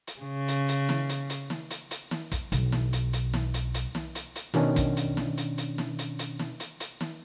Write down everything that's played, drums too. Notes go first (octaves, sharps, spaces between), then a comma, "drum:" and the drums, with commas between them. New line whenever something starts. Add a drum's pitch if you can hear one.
drum: hi-hat
C#3
drum: hi-hat
drum: hi-hat
drum: snare
drum: hi-hat
drum: hi-hat
drum: snare
drum: hi-hat
drum: hi-hat
drum: snare
drum: kick, hi-hat
B1, drum: hi-hat
drum: snare
drum: hi-hat
drum: hi-hat
drum: snare
drum: hi-hat
drum: hi-hat
drum: snare
drum: hi-hat
drum: hi-hat
B2 D#3 C#4 D4, drum: snare
drum: kick, hi-hat
drum: hi-hat
drum: snare
drum: hi-hat
drum: hi-hat
drum: snare
drum: hi-hat
drum: hi-hat
drum: snare
drum: hi-hat
drum: hi-hat
drum: snare